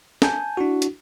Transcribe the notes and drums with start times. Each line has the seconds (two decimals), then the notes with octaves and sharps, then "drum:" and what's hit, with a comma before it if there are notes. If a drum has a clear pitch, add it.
0.22 G#5 A5 G6, drum: snare
0.57 D4 E4 F#4
0.82 drum: hi-hat